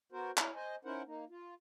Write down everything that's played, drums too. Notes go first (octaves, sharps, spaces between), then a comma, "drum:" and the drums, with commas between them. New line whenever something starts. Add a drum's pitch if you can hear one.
B3 F#4 A#4 C5
E4 C#5 F5, drum: clap
C5 D#5 G#5
C#4 D#4 E4 A#4 C5 F#5
A#3 D#4
F4